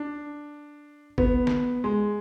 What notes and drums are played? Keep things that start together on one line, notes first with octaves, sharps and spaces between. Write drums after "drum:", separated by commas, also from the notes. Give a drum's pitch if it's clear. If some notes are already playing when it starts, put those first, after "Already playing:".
Already playing: D4
B3, drum: kick
drum: snare
G#3